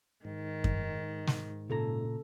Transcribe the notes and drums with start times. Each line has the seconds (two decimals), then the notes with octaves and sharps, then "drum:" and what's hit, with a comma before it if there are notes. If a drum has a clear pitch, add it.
0.25 G#2 D#3
0.64 drum: kick F#2
1.27 drum: snare
1.70 A#2 C#3 A4 A#5